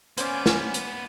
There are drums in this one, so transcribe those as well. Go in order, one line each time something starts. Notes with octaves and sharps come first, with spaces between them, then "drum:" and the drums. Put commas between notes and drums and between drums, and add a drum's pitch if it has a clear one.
A#3 B3 C#4 C5 D5 G#5, drum: hi-hat
drum: snare
drum: hi-hat